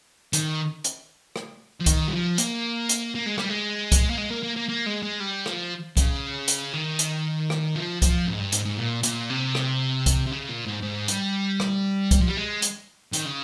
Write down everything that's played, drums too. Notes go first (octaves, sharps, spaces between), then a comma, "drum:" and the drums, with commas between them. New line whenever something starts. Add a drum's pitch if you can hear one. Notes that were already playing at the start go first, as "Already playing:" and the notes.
D#3, drum: hi-hat
drum: hi-hat
drum: rim click
F3
D#3, drum: kick C2, hi-hat
G3
F3
A#3, drum: hi-hat
drum: hi-hat
A#3
G#3
G3, drum: rim click
G#3
drum: kick C2, hi-hat
A#3
G#3
A#3
A#3
A#3
A#3
G#3
G#3
G3
F3, drum: rim click
C#3, drum: kick C2, hi-hat
drum: hi-hat
D#3
drum: hi-hat
drum: rim click
F3
F3, drum: kick C2, hi-hat
G#2
G2
G#2, drum: hi-hat
G#2
A#2
A#2, drum: hi-hat
C3
drum: rim click
drum: kick C2, hi-hat
C3
C#3
A#2
G#2
G#2
G3, drum: hi-hat
drum: rim click
drum: kick C2, hi-hat
F3
G3
G#3
drum: hi-hat
D#3, drum: hi-hat
C#3